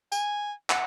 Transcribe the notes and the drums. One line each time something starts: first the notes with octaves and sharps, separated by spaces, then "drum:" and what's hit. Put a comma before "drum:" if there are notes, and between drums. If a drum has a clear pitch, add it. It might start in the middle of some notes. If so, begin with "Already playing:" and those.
G#5, drum: tambourine
F#5, drum: clap